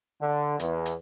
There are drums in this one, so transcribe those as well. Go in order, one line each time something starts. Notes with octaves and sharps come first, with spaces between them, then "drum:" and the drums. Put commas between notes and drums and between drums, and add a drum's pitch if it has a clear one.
D3
E2, drum: hi-hat
drum: hi-hat